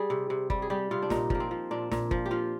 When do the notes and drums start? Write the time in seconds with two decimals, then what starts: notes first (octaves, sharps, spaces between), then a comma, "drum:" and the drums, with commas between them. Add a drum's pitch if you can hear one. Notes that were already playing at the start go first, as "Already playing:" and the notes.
Already playing: G3 G#4
0.10 C3
0.30 C3
0.50 G3, drum: kick G1
0.62 G#4
0.70 G3 G4
0.91 C3 F4
1.02 D4
1.10 A#2 D#4, drum: snare
1.30 F3 A#3, drum: kick G1
1.40 C4
1.51 F3
1.71 A#2 D4
1.91 A#2, drum: snare
2.11 F3, drum: kick G1
2.26 G4
2.31 F3 F4